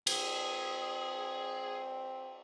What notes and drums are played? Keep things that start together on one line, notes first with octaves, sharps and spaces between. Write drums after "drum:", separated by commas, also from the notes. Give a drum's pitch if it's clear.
C4 G#4, drum: cymbal